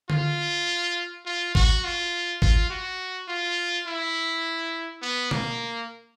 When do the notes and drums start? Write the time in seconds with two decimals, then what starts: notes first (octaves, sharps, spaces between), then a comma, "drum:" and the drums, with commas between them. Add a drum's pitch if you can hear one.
0.10 F4, drum: tom D3
1.26 F4
1.55 F#4, drum: kick
1.84 F4
2.42 F4, drum: kick
2.70 F#4
3.28 F4
3.87 E4
5.02 B3
5.31 A#3, drum: tom B2